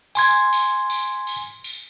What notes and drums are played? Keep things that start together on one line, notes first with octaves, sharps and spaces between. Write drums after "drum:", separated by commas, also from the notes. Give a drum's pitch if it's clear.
G#5 C6 G#6, drum: tambourine
drum: tambourine
drum: tambourine
drum: tambourine
drum: tambourine